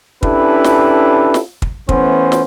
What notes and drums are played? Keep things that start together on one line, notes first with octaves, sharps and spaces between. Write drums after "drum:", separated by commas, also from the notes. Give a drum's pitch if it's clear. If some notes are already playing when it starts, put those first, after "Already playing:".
C#4 D4 E4 G4 A4 B4, drum: kick
drum: snare
drum: snare
drum: kick
E3 A3 B3 C#4 C5, drum: kick
drum: snare